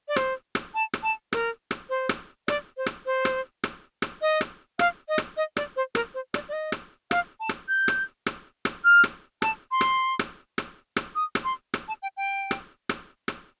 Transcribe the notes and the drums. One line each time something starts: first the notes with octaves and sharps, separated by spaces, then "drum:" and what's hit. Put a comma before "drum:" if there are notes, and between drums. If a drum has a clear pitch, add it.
D5
C5, drum: rim click
drum: rim click
A5
drum: rim click
A5
A#4, drum: rim click
drum: rim click
C5
drum: rim click
D5, drum: rim click
C5
drum: rim click
C5
drum: rim click
drum: rim click
drum: rim click
D#5
drum: rim click
F5, drum: rim click
D#5
drum: rim click
D#5
D5, drum: rim click
C5
A#4, drum: rim click
C5
D5, drum: rim click
D5
D#5
drum: rim click
F5, drum: rim click
A5
drum: rim click
G6
drum: rim click
drum: rim click
drum: rim click
F6
drum: rim click
A5, drum: rim click
C6
drum: rim click
drum: rim click
drum: rim click
drum: rim click
D#6
drum: rim click
C6
drum: rim click
A5
G5
G5
drum: rim click
drum: rim click
drum: rim click